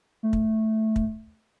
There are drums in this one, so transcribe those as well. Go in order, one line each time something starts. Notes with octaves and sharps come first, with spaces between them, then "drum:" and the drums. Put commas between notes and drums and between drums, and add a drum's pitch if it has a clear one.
A3
drum: kick
drum: kick